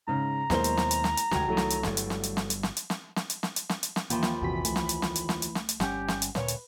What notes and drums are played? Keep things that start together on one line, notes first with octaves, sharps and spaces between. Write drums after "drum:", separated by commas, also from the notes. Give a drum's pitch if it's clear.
G#2 C#3 A#5
D#2 B2 F#3 G#3 A#3 E4 C5 G7, drum: snare
drum: hi-hat
drum: snare
drum: hi-hat
drum: snare
drum: hi-hat
F1 D2 C#3 G#3 F#4 G5 G#6, drum: snare
C2 D#3 F#3 A3 E4
drum: snare
drum: hi-hat
G1 G2 G3, drum: snare
drum: hi-hat
drum: snare
drum: hi-hat
drum: snare
drum: hi-hat
drum: snare
drum: hi-hat
drum: snare
drum: snare
drum: hi-hat
drum: snare
drum: hi-hat
drum: snare
drum: hi-hat
drum: snare
D#2 E3 F3 A#3 G5 B5, drum: hi-hat
drum: snare
A#1 E2 C3 E3 F#4 B6
C2 E3 A3, drum: hi-hat
drum: snare
drum: hi-hat
drum: snare
drum: hi-hat
drum: snare
drum: hi-hat
drum: snare
drum: hi-hat
G1 G3 C#4 G4 F#5, drum: snare
drum: snare
drum: hi-hat
D2 A#2 B4 C#5, drum: snare
drum: hi-hat